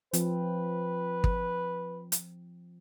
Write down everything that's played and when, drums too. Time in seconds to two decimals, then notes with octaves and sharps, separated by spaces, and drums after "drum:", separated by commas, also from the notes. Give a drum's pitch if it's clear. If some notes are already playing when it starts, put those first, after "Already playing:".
0.13 F3 C4 B4, drum: hi-hat
1.24 drum: kick
2.12 drum: hi-hat